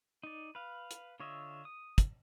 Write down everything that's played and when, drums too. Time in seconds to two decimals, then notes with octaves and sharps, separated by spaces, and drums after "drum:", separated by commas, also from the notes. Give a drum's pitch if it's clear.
0.23 D#4 D5
0.55 B4 F5
0.91 drum: hi-hat
1.20 D3 F4 C#5 D#5 E5
1.65 D#6
1.98 drum: kick, hi-hat